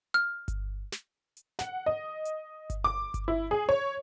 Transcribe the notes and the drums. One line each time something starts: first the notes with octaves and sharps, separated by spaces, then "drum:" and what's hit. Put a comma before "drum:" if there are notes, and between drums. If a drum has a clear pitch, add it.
F6
drum: kick G1, hi-hat
drum: snare
drum: hi-hat
F#5, drum: snare
D#5
drum: hi-hat
drum: kick G1, hi-hat
D6
drum: kick G1, hi-hat
E4
G#4
C#5